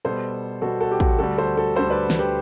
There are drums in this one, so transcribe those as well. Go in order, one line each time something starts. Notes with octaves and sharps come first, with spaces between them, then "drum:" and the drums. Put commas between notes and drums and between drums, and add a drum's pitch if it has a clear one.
B2 G3 B3 A4 C5
B2 G3 B3 F#4 A4
F#4 A4
G4
F#4, drum: kick
D2 D3 G3 F#4 A4
A4 C5
F#4 A4
D2 D3 G3 A4 C5
B4 D5
drum: snare
G4 B4